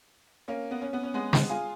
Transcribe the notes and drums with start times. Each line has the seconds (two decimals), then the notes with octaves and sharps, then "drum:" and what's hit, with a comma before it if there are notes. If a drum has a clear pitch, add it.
0.48 A#3 C#4
0.71 B3
0.81 C#4
0.93 B3
1.04 C#4
1.14 G#3 B3
1.33 drum: snare
1.49 F4 G#4